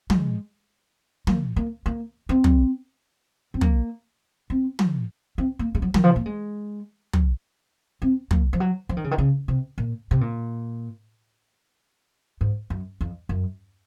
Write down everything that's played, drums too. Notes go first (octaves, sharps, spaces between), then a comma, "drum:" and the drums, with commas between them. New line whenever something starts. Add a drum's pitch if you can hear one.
G#3, drum: tom
A#3, drum: tom
A#3
A#3
C4
drum: tom
C4
A#3, drum: tom
C4
drum: tom
C4
A#3
G#3
F#3
D#3, drum: tom
F3
A#3
G#3
drum: tom
C4
A#3, drum: tom
F3
F#3
F3
D#3
C#3
D#3
C#3
C3
A#2
C3
A#2
G#2
F#2
F2
F#2